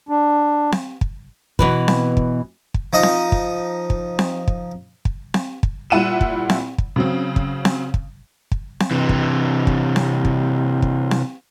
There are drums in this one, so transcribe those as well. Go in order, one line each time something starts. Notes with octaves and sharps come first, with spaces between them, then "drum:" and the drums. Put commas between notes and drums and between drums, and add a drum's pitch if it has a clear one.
D4
drum: snare C4
drum: kick
B2 E3 B4, drum: kick
drum: snare C4
drum: kick
drum: kick
F3 D#4 D#5
drum: snare C4
drum: kick
drum: kick
drum: snare C4
drum: kick
drum: kick
drum: snare C4
drum: kick
A#2 G3 E4 F#5 D#7 E7
drum: kick
drum: snare C4
drum: kick
C#3 F#3 C4
drum: kick
drum: snare C4
drum: kick
drum: kick
drum: snare C4
C3 E3
drum: kick
drum: kick
drum: snare C4
drum: kick
drum: kick
drum: snare C4